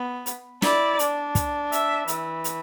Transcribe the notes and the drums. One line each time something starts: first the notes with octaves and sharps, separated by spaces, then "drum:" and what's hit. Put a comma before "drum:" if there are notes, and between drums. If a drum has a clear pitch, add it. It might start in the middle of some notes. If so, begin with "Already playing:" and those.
Already playing: B3
drum: hi-hat
E4 D5, drum: snare
D4, drum: hi-hat
drum: kick, hi-hat
E5, drum: hi-hat
E3, drum: hi-hat
drum: hi-hat